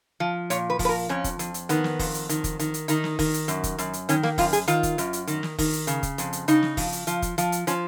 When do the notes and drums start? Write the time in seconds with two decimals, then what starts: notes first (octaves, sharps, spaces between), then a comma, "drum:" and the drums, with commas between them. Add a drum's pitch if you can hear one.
0.20 F3
0.50 A#2 C#5, drum: hi-hat
0.70 B4
0.79 F3, drum: kick F1, open hi-hat
0.85 B4
0.89 A#4
1.09 F2 C#4
1.24 drum: kick F1, hi-hat
1.39 F2, drum: hi-hat
1.54 drum: hi-hat
1.69 D#3 B3, drum: hi-hat
1.84 drum: snare
1.99 F2, drum: kick F1, open hi-hat
2.14 drum: hi-hat
2.29 D#3, drum: hi-hat
2.44 drum: kick F1, hi-hat
2.59 D#3, drum: hi-hat
2.74 drum: hi-hat
2.88 D#3 D#4, drum: hi-hat
3.04 drum: snare
3.19 D#3, drum: kick F1, open hi-hat
3.34 drum: hi-hat
3.48 F#2, drum: hi-hat
3.64 drum: kick F1, hi-hat
3.78 F#2, drum: hi-hat
3.93 drum: hi-hat
4.09 D#3 C#4, drum: hi-hat
4.23 A#3, drum: snare
4.38 F#2 F4, drum: kick F1, open hi-hat
4.53 G#4, drum: hi-hat
4.68 D#3 F4, drum: hi-hat
4.83 drum: kick F1, hi-hat
4.98 F#2, drum: hi-hat
5.13 drum: hi-hat
5.27 D#3, drum: hi-hat
5.43 drum: snare
5.58 D#3, drum: kick F1, open hi-hat
5.73 drum: hi-hat
5.87 C#3, drum: hi-hat
6.03 drum: kick F1, hi-hat
6.18 F2, drum: hi-hat
6.33 drum: hi-hat
6.48 C#3 D#4, drum: hi-hat
6.63 drum: snare
6.77 F3, drum: kick F1, open hi-hat
6.92 drum: hi-hat
7.07 F3, drum: hi-hat
7.22 drum: kick F1, hi-hat
7.38 F3, drum: hi-hat
7.52 drum: hi-hat
7.67 F3 C#4, drum: hi-hat